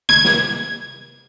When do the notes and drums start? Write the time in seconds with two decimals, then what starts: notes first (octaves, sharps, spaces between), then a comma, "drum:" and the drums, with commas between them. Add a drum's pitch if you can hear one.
0.09 G#6, drum: tom
0.25 drum: snare